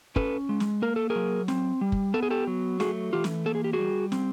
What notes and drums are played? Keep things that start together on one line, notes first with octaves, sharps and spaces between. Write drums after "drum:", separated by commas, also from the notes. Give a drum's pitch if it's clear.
C#4 A4 B4, drum: kick
G#3
drum: snare
A#3 A#4
A4
G#4 A#4
F#3
C4, drum: snare
G3
drum: kick
B3 A4
G#4
G4 A4
F#3
A3 F#4 G#4, drum: snare
E3 F4 G4
drum: snare
A#3 A4
G#4
G4
F#4 G#4
G3
C4, drum: snare